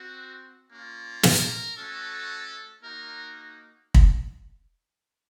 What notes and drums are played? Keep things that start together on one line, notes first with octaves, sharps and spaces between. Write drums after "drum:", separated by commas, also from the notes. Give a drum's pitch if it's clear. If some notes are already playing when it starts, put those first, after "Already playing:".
Already playing: C4 F#4
A#3 C#4 F4
A#4, drum: snare
A3 C#4 F#4 A4
A#3 D#4 F#4 A#4
drum: kick